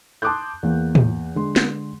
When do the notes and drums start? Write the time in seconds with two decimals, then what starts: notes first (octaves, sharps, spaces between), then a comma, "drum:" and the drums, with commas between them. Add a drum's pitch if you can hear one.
0.22 A5 C6 D6 D#6 F#6 G6
0.63 E2 A#3
0.95 drum: tom
1.35 D3 G#3 C6
1.56 drum: snare